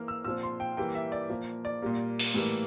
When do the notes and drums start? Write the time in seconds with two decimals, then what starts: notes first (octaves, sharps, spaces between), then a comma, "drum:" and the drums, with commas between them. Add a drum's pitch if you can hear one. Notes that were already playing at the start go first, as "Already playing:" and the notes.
Already playing: E3 A#3 F6
0.08 E6
0.25 A#2 F3 C4 E6
0.43 C6
0.60 G5
0.77 E3 G3 A#3 G5
0.95 E5
1.12 D5
1.29 A#2 F3 A#3
1.65 D5
1.82 A#2 G3 A#3
2.19 drum: open hi-hat
2.34 A2 E3 G3 A#3